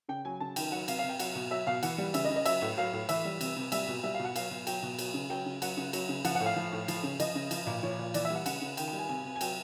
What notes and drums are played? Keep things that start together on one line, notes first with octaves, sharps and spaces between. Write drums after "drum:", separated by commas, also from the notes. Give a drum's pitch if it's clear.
C#3 G5
F#3 G#5
C#3 A5
D#3 G5, drum: cymbal
F#3 F#5
C3 F5, drum: cymbal
F5
C3
G5
F#3 F#5, drum: cymbal
B2
F#3 E5
B2 F5
E3 F#5, drum: cymbal
G3
C#3 E5, drum: cymbal
D#5
C#3
D#5
F#3 E5, drum: cymbal
A2
F#3 F5
A2
E3 E5, drum: cymbal
G3
C3, drum: cymbal
C3
G3 E5, drum: cymbal
B2
G3 E5
F5
B2
F#5
F#3 F5, drum: cymbal
B2
F#3 G5, drum: cymbal
B2
F#3, drum: cymbal
C#3
F#3 G5
C#3
F#3 F#5, drum: cymbal
C#3
F#3, drum: cymbal
C#3
F3 F#5, drum: cymbal
F#5
A2
F5
F3
A2
F3, drum: cymbal
C#3
F3 D#5, drum: cymbal
C#3
F3, drum: cymbal
A#2
F3 C#5
A#2
E3 D5, drum: cymbal
E5
G3 F#5
C#3 F#5, drum: cymbal
C#3
D#3 G5, drum: cymbal
G5
G3
G#5
C3 G#5
C3
G#5
F#3 G5, drum: cymbal